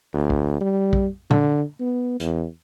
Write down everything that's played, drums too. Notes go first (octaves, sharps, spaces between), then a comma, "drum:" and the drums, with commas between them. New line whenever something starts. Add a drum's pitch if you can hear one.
D2
drum: kick
G3
drum: kick
D3, drum: tom A#2
B3
E2, drum: hi-hat